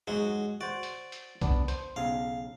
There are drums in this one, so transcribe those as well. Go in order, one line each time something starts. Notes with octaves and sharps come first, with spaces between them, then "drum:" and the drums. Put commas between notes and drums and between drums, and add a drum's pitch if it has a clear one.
G#2 F#3 G#3 F#4
F#4 C5 D5
drum: hi-hat
drum: hi-hat
B3 D4, drum: kick B1, hi-hat
C5, drum: hi-hat
B1 C#3 F5